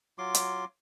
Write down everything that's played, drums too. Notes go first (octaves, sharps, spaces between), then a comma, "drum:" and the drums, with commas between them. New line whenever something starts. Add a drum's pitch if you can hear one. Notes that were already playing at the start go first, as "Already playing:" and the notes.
F#3 F4 C6 D6
drum: hi-hat